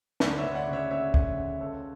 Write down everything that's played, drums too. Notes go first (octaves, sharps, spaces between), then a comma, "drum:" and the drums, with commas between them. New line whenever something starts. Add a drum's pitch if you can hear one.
D2 B4 D5, drum: snare
C#5 E5
D2
D5 F#5
C#3
C#5 E5
C#3 C#5 E5
D2, drum: kick
C#3
C#2 A4 C#5